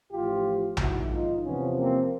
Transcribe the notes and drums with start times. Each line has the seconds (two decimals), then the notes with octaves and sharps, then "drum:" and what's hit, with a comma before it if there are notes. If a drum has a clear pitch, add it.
0.11 A1 A2 F3 F4 G4
0.77 A#1 G#2 D#3 E4 F#4, drum: tom A#1
1.10 D#4 F4
1.44 E2 C3 F3 B3 C#4
1.77 A#3 C4